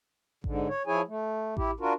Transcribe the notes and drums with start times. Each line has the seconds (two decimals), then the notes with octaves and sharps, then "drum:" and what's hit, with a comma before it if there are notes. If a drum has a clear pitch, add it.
0.44 G#2 D3, drum: kick A1
0.68 C#5
0.87 F3 E4 G#4 C#5 G#5
1.08 A3
1.57 E4 G4, drum: kick A1
1.80 D4 F4 F#4 A#4